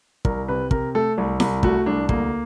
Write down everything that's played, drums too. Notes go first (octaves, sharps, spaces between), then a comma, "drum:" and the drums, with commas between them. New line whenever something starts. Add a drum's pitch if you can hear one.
C2 A#4, drum: kick
C3 B4
C3 A#4, drum: kick
A3 A4
C2
C2, drum: snare E4
A3 F#4, drum: kick
C2 D4
D2 A#3, drum: kick